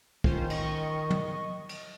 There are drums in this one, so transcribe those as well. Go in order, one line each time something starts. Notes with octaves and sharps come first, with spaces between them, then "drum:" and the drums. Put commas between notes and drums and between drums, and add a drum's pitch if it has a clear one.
D#3 C#4 F4 C5, drum: kick
D#5 C#6, drum: cymbal
drum: tom
drum: cymbal